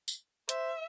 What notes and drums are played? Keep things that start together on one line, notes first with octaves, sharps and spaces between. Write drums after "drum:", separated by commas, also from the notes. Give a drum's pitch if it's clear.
drum: tambourine
C5 E5, drum: hi-hat